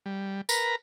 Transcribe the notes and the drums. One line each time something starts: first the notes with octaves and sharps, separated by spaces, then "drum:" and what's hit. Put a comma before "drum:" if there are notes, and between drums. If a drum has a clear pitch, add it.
G3
A#4 B4 A#5, drum: tambourine